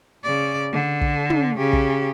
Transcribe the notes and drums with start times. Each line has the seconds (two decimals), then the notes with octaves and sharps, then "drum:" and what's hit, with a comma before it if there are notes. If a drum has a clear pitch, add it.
0.24 C#3 D5
0.73 D3
1.01 drum: kick
1.30 drum: tom
1.57 C#3 G4
1.73 drum: kick